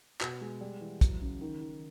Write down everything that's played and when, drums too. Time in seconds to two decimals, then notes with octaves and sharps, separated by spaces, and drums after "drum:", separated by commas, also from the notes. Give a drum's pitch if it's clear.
0.21 B2, drum: clap
0.41 G#3
0.61 G3
0.81 E3
1.01 F#3, drum: kick, hi-hat
1.22 C#3
1.41 D#3
1.61 D#3